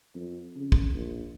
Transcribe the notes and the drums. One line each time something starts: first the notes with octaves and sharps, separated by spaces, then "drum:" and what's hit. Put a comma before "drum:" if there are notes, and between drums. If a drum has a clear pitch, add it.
F2
C#3
drum: kick
A#1